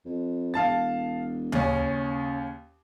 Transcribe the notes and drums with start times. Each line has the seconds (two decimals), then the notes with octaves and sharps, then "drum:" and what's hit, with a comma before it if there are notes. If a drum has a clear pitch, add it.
0.05 F2
0.54 E1 F5 A5 A6
1.52 D#2 C#3 C#4, drum: tom D2